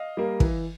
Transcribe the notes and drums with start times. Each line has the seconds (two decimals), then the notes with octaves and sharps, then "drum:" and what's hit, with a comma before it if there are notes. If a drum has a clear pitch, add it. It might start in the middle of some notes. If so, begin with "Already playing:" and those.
Already playing: D#5 F5
0.17 G3 A#3
0.40 E3, drum: kick